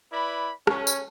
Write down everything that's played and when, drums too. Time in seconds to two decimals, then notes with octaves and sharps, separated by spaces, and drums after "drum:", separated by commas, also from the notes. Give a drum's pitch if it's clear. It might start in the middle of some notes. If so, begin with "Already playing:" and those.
0.13 E4 B4 D5 B5
0.67 C#4, drum: rim click
0.87 drum: tambourine